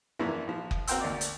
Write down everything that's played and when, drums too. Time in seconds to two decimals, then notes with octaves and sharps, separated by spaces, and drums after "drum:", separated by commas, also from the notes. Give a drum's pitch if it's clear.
0.19 F#2 E3 F3 A#3 D4 E4
0.47 A#1 F3
0.71 drum: kick F#1
0.87 C4 F#4 A#4 G5 C6 E6, drum: hi-hat
1.00 D2 A#3 D#4 D5 D6
1.21 drum: hi-hat